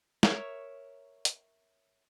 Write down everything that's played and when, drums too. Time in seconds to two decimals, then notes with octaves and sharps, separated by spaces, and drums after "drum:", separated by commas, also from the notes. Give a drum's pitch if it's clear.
0.23 A#4 C#5 E5, drum: snare
1.25 drum: hi-hat